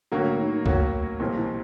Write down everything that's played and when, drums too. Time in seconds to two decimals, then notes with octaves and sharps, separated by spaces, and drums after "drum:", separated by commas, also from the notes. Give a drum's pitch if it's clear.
0.12 A2 D3 F#3 A#3 C#4 F#4
0.39 D#3
0.66 A2 F#3 A#3 C#4 F#4, drum: kick C#2
1.20 B1 A#2 E3 G3 C4
1.37 E3